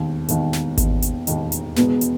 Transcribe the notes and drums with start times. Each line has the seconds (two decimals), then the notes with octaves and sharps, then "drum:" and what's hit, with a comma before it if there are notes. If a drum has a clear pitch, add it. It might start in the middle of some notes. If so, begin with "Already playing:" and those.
Already playing: E1 D#2 D#3
0.29 E1 D#2 D#3, drum: hi-hat
0.53 drum: snare
0.78 E1 D#2 D#3, drum: kick G#1, hi-hat
1.02 drum: hi-hat
1.27 E1 D#2 D#3, drum: hi-hat
1.52 drum: hi-hat
1.76 E1 E2 B2 G#3 B3, drum: snare
2.01 drum: hi-hat